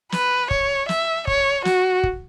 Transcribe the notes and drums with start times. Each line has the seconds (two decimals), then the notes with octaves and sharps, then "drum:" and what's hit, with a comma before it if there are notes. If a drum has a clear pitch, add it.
0.12 B4, drum: snare
0.51 C#5, drum: kick
0.89 E5, drum: snare
1.27 C#5, drum: kick
1.65 F#4, drum: snare
2.03 drum: kick